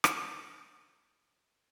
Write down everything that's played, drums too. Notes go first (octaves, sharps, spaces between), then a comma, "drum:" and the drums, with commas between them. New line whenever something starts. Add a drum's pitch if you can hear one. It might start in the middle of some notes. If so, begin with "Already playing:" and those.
drum: rim click
D6 D#6 G6 C7 E7 G7
E6 F6 G#6 C#7 F7
E6 G6 A6 A#6 C#7 E7
D#6 G6 A6 A#6 D#7
F#6 G6 E7 F#7 G7